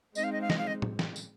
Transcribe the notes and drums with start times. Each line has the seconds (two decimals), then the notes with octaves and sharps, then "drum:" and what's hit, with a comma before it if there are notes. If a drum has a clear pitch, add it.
0.15 G#3 C4 D#4 D#5, drum: tambourine
0.24 F5
0.33 D#5
0.41 F5
0.50 D#5, drum: snare
0.58 F5
0.67 D#5
0.82 drum: tom A2
0.99 drum: snare
1.16 drum: tambourine